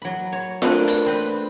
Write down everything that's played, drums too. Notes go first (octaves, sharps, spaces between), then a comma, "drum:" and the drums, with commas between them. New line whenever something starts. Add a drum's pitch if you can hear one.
F#3 B5
C#5
A3 A#3 C4 D4 A4 B4, drum: snare F4
drum: hi-hat
C4 B4